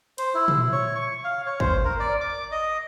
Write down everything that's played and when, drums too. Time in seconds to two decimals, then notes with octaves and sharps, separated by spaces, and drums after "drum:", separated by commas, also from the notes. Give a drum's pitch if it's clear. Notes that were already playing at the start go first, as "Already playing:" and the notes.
0.18 C5, drum: cymbal
0.34 E4
0.48 drum: tom
0.72 C#5
0.95 C#6
1.24 F5
1.46 C#5
1.60 C5, drum: kick
1.85 A#4
2.00 D5
2.21 D6
2.52 D#5